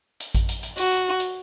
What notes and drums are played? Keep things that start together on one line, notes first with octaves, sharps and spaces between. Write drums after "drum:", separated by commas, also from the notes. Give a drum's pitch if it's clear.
drum: hi-hat
drum: kick A1, hi-hat
drum: hi-hat
drum: hi-hat
F#4, drum: hi-hat
drum: hi-hat
drum: hi-hat